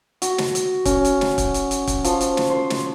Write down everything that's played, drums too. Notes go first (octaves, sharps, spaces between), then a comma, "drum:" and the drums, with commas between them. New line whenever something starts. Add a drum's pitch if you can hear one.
F#4, drum: hi-hat
drum: snare
drum: hi-hat
C#4, drum: kick, hi-hat
drum: hi-hat
drum: snare
drum: kick, hi-hat
drum: hi-hat
drum: hi-hat
drum: kick, hi-hat
F3, drum: hi-hat
drum: hi-hat
drum: snare
C5
drum: snare